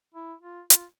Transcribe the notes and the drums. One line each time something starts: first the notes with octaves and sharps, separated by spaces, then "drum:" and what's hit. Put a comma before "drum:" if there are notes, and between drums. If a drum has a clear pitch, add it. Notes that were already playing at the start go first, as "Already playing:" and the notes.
E4
F4
F4, drum: hi-hat